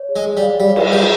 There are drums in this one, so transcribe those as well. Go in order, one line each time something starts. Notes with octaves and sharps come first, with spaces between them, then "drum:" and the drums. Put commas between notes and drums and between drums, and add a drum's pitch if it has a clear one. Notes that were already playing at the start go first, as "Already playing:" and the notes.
Already playing: C#5
G#4
G#3
G#4
G3
F5
G3 C#5
G#4, drum: cymbal
G3 G#4